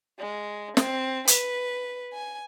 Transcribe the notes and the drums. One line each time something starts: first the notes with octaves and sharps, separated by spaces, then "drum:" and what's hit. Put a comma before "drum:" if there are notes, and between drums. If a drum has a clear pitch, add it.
G#3
C4, drum: snare
B4, drum: hi-hat
G#5